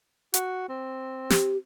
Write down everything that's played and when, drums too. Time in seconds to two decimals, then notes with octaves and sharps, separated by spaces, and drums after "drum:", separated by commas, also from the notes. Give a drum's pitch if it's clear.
0.34 F#4, drum: hi-hat
0.69 C4
1.30 G4, drum: snare